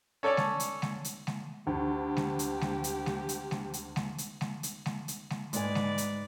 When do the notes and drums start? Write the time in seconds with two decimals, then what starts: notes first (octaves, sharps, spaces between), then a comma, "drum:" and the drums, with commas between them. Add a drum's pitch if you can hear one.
0.23 C#4 A4 C#5 D5
0.37 drum: snare G#3
0.60 drum: hi-hat
0.82 drum: snare G#3
1.04 drum: hi-hat
1.27 drum: snare G#3
1.67 D2 G4
2.17 drum: snare G#3
2.39 drum: hi-hat
2.61 drum: snare G#3
2.84 drum: hi-hat
3.06 drum: snare G#3
3.29 drum: hi-hat
3.51 drum: snare G#3
3.73 drum: hi-hat
3.96 drum: snare G#3
4.18 drum: hi-hat
4.41 drum: snare G#3
4.63 drum: hi-hat
4.86 drum: snare G#3
5.08 drum: hi-hat
5.30 drum: snare G#3
5.53 G#2 G#3 B4 D5 G#5, drum: hi-hat
5.75 drum: snare G#3
5.98 drum: hi-hat